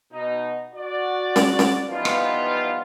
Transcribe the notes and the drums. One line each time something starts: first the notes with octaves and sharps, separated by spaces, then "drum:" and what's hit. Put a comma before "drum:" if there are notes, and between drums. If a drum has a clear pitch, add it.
B2 D#4
F#4 D5
drum: snare C#4
drum: snare C#4
E3 F3 G3 B3 D#4 F4
drum: rim click